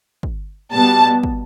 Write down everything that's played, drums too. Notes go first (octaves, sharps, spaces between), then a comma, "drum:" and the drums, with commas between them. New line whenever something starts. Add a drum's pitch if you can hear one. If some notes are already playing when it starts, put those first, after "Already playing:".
drum: kick
B2 G3 B3 A5
drum: kick